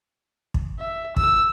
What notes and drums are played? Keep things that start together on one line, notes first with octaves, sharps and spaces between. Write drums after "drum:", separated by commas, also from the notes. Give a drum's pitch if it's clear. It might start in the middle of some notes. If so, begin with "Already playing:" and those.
drum: kick
E5
E6, drum: kick